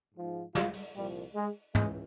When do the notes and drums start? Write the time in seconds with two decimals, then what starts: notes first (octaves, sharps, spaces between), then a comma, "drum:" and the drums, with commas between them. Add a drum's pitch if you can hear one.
0.15 G#2 F3
0.55 F4, drum: snare
0.74 drum: open hi-hat
0.95 C2 A#2 F3 G3
1.35 G#3
1.75 C#2 C#3 E3 G#3, drum: tom